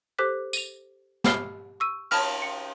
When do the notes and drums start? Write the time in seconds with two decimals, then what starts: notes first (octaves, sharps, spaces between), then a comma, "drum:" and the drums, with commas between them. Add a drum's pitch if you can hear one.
0.19 G4 A4 C5 D6 F#6 B6
0.53 D#7 F7, drum: tambourine
1.24 G4 B5 F6 C7 G7, drum: snare
1.80 C#6 E6 D#7
2.11 C#5 A5 B5 F6, drum: cymbal
2.42 C#7